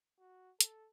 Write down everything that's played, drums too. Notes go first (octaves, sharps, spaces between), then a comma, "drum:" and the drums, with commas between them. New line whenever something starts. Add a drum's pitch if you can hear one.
F#4
A4, drum: hi-hat